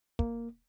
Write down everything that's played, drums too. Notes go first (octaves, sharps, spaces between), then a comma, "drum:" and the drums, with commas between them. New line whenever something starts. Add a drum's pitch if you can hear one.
A#3, drum: kick